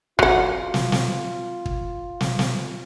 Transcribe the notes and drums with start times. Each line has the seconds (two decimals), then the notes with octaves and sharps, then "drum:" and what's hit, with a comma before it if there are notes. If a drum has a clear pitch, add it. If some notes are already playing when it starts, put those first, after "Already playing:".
0.19 F#3 F4 F#5, drum: kick
0.74 drum: snare
0.92 drum: snare
1.66 drum: kick
2.21 drum: snare
2.39 drum: snare